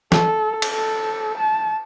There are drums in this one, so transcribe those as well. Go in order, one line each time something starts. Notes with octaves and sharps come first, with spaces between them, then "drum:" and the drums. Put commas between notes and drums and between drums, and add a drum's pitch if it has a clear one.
A4, drum: snare
drum: cymbal
A4
A5